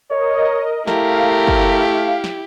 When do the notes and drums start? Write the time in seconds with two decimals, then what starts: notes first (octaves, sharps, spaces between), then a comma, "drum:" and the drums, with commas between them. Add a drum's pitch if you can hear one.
0.11 A#4 C#5 D#5
0.87 A3 E4 G4 A#4 F5, drum: snare
1.47 drum: kick
2.24 drum: snare